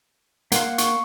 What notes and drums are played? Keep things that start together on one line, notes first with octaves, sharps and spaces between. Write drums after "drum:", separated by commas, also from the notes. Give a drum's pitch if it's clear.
A#3 F5 F#5 C6, drum: hi-hat
C#6, drum: hi-hat